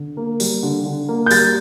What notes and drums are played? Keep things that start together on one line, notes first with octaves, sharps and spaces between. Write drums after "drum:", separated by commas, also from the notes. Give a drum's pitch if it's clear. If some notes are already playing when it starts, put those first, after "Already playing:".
Already playing: D3
A#3
G3, drum: open hi-hat
D3
D3
A#3
G6
G3 A6, drum: open hi-hat